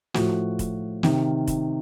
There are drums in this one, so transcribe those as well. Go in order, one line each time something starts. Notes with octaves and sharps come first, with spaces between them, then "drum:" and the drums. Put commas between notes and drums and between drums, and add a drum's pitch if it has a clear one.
A2 F3 F#4, drum: snare
drum: kick, hi-hat
C3 D#3, drum: snare
drum: kick, hi-hat